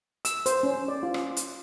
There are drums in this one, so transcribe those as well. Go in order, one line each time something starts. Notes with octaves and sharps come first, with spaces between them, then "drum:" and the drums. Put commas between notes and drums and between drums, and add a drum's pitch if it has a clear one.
E6, drum: hi-hat
C5, drum: hi-hat
C#4
D5
F4
drum: rim click
drum: hi-hat